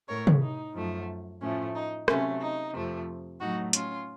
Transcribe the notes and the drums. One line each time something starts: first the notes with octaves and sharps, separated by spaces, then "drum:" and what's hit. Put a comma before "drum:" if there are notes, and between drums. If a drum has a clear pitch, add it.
A2 A3 A#4 C#5
drum: tom
D#4
F#2 F3 A3
A2 F3 A3 C#4
D#4
C3 F#3 A3 C#4, drum: rim click
D#4
F2 C3 F3 A3
A2 F#3 A3 D#4 F#4
C#4 F4, drum: hi-hat